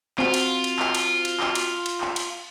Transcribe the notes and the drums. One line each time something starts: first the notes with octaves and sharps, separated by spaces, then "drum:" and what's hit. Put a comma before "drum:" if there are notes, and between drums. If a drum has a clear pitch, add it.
C4 F4 F#4, drum: clap
drum: cymbal
drum: cymbal
drum: clap
drum: cymbal
drum: cymbal
drum: clap
drum: cymbal
drum: cymbal
drum: clap
drum: cymbal